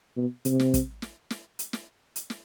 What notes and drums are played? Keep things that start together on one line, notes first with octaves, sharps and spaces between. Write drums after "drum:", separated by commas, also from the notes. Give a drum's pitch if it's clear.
B2
C3, drum: hi-hat
drum: snare
drum: kick, hi-hat
drum: snare
drum: snare
drum: hi-hat
drum: snare
drum: hi-hat
drum: snare